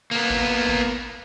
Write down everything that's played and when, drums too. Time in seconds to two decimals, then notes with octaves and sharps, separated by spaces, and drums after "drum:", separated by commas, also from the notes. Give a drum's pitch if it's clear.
0.11 A#3 B3
0.30 drum: kick
0.69 drum: kick